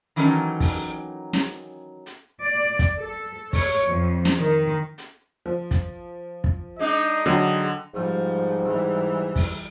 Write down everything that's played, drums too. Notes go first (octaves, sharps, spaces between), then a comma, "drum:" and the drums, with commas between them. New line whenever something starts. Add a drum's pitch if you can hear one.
D#3 E3 F#3 C#4 D#4 A4
drum: kick, open hi-hat
drum: snare
drum: hi-hat
D5
drum: kick, hi-hat
A4
C#5, drum: kick, open hi-hat
F2
drum: snare
D#3
drum: hi-hat
F3
drum: kick, hi-hat
drum: kick
G#3 D4 D#4 D#5
D3 F#3 G5
G#2 F3 G3
E3 G3
drum: kick, open hi-hat